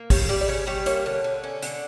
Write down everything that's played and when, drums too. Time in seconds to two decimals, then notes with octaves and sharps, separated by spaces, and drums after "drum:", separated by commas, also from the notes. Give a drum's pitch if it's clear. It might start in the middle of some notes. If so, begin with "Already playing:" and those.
Already playing: A#3
0.10 G3 C#5, drum: kick G#1, open hi-hat
0.29 G3 D5
0.41 D5
0.48 C#3 C#5
0.67 G3 C#5
0.86 A#3 C#5, drum: hi-hat
1.06 D3
1.24 D3
1.44 C#4
1.62 D3, drum: hi-hat